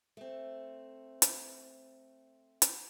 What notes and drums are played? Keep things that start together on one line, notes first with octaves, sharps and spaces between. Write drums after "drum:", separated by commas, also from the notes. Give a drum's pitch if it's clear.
A3 C4
drum: hi-hat
drum: hi-hat